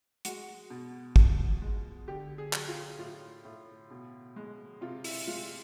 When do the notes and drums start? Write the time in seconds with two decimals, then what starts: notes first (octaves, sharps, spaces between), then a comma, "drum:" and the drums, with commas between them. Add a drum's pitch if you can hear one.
0.25 G#3 F#4, drum: hi-hat
0.70 B2
1.16 F3, drum: kick
1.61 G#3
2.08 D3 G4
2.38 G#4
2.53 F#3, drum: clap
2.68 F4
2.99 A2 F4
3.45 A2
3.91 B2
4.36 G#3
4.81 C3 F4
5.04 E4, drum: open hi-hat
5.27 G#3 F4